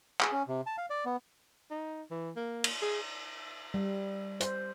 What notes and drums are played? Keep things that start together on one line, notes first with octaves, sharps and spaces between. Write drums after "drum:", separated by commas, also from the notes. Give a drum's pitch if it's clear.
G#4, drum: clap
C#4
C3
A5
F5
D5
B3
D#4
E3
A#3
drum: cymbal
G#4
G3
C5, drum: hi-hat